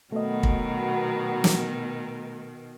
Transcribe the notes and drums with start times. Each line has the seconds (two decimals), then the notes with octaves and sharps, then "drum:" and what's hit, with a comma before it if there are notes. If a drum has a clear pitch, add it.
0.12 B2 D#3 F#3 A3 B3 F#4 D#5
0.43 drum: kick
1.44 drum: snare